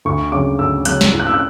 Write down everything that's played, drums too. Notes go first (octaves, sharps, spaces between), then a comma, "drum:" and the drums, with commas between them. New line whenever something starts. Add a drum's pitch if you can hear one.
D2 C#6
C#3 F#3 D6
D2 E6
C#3 F#3 F#6, drum: hi-hat
drum: snare
A2
F#6
E6
F#6